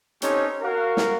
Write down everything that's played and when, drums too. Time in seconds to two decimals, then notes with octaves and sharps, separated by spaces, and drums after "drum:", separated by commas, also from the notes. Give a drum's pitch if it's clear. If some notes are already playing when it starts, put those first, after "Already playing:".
0.22 C4 C#4 D#4 G4 A4 C#5, drum: hi-hat
0.62 F#4 A#4 F5
0.97 drum: snare